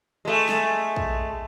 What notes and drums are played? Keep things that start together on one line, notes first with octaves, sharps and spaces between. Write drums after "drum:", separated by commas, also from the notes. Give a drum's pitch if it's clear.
G#3 A3
drum: snare
drum: kick